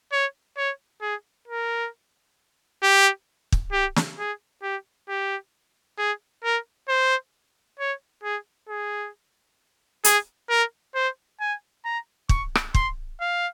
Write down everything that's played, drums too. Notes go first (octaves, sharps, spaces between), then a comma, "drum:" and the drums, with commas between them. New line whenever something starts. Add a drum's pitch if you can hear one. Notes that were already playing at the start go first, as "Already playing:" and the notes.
C#5
C#5
G#4
A#4
G4
drum: kick
G4
drum: snare
G#4
G4
G4
G#4
A#4
C5
C#5
G#4
G#4
G#4, drum: hi-hat
A#4
C5
G#5
A#5
C#6, drum: kick
drum: rim click
C6, drum: kick
F5